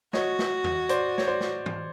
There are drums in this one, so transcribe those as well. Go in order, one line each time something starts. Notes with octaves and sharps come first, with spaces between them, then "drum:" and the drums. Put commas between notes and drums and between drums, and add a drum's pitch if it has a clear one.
F#4 C#5 D#5, drum: snare
drum: snare
drum: tom E2
C5 D5, drum: hi-hat
C#5, drum: snare
C5 D5
drum: snare
drum: tom